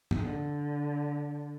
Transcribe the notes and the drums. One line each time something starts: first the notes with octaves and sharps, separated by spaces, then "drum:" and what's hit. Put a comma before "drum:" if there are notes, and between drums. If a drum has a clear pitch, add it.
drum: tom G#2
D3